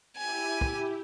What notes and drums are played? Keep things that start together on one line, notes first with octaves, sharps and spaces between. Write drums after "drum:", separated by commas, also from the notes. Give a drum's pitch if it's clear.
E4 G4 G#5
drum: kick